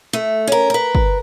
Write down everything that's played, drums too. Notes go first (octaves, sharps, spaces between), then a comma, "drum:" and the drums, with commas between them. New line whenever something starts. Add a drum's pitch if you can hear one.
A3
C#4 A#4
A#4 B4
drum: kick